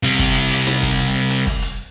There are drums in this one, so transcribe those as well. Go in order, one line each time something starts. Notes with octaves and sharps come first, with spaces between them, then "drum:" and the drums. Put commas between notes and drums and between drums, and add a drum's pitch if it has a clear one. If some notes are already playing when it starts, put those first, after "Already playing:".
C3 G3, drum: hi-hat
drum: kick, open hi-hat
drum: hi-hat
drum: open hi-hat
drum: snare D#4
drum: kick, hi-hat
drum: hi-hat
drum: hi-hat
drum: kick, open hi-hat
drum: hi-hat